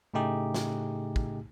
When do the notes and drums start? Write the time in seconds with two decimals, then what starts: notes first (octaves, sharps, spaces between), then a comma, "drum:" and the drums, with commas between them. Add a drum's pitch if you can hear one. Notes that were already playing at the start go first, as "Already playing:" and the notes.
0.14 A2 C#3 A3 D#4 G4 G#4
0.54 drum: snare
1.16 drum: kick